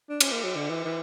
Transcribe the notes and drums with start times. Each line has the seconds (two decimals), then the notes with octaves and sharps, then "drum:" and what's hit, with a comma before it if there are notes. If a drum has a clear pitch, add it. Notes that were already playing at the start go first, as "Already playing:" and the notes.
0.10 D4
0.20 C#4, drum: cymbal
0.32 A#3
0.44 F#3
0.55 D3
0.69 E3
0.85 E3